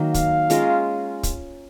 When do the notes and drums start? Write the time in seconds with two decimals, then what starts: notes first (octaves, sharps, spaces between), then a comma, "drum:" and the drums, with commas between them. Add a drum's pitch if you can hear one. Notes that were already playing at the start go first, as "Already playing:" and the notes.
Already playing: D#3 F#3 A#3
0.14 F5, drum: kick, hi-hat
0.50 G#3 C#4 F4 A#4, drum: hi-hat
1.23 drum: kick, hi-hat